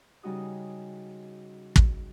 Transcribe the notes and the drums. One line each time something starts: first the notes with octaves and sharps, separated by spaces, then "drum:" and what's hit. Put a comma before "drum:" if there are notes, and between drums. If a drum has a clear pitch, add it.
C#3 G3 D#4 F#4 D#6
drum: kick